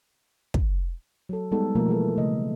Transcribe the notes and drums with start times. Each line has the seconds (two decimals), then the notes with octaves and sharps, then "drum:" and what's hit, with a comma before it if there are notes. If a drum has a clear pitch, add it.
0.54 drum: kick
1.29 F#3 A4
1.52 G3 G#3 B3 D#4 A4
1.75 B2 F3 A3 A#3 A#4
1.88 E3 G#3 F4 G#4 A4 B4
2.18 C#3 A3 D#5